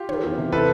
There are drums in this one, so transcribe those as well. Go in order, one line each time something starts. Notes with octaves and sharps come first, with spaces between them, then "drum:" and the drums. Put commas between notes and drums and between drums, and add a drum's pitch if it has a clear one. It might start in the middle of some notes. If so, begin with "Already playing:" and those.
Already playing: F4 G4
D#3, drum: tom
E2
C3
E3 A4 B4, drum: kick